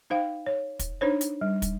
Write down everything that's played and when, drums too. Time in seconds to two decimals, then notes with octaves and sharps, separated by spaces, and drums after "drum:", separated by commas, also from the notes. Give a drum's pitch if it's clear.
0.10 D#4 C5 F5 G5
0.46 C#5
0.79 drum: kick, hi-hat
1.01 D4 D#4 C5 C#5
1.21 drum: hi-hat
1.41 G3
1.62 drum: kick, hi-hat